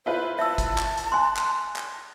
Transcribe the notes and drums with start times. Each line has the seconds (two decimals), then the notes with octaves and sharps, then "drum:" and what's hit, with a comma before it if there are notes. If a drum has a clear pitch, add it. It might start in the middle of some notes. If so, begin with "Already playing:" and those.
0.06 E4 F4 B4 C5
0.39 E5 A5 E6
0.58 drum: kick G1, hi-hat
0.78 drum: clap
0.98 drum: hi-hat
1.12 G#5 C6 F#6
1.37 drum: clap
1.76 drum: clap